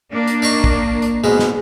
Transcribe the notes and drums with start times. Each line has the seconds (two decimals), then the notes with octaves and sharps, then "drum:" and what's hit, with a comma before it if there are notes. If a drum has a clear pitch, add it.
0.12 A#3 D4
0.28 drum: hi-hat
0.42 D#4 D#5 C#6
0.64 drum: kick
1.02 drum: hi-hat
1.24 G#2 B2 G#3
1.39 drum: snare